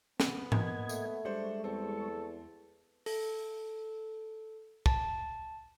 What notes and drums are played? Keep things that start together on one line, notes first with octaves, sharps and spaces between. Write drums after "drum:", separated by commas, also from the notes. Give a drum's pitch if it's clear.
B3, drum: snare
A#3 D#5 G#6, drum: tom G#2
A3, drum: tambourine
G3 G#3 D4 C5 C#6
E2 C4 A4
A4, drum: open hi-hat
A5, drum: kick